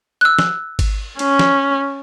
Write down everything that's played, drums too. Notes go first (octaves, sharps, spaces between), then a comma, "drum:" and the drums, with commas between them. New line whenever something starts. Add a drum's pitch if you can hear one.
E6 F#6
drum: snare
drum: kick G#1, cymbal
C#4, drum: cymbal
drum: snare